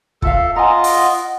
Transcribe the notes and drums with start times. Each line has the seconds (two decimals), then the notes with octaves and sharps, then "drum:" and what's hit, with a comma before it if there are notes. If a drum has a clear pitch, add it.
0.22 F4 A4 E5 F5, drum: kick
0.56 F4 D#5 F#5 G#5 A#5
0.84 drum: open hi-hat